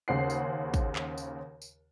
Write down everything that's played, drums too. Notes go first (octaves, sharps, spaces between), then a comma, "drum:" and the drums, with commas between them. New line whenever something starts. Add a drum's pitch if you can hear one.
D#2 C#3 C5 F#5 C7
drum: tambourine
drum: kick, tambourine
drum: clap
drum: tambourine
drum: tambourine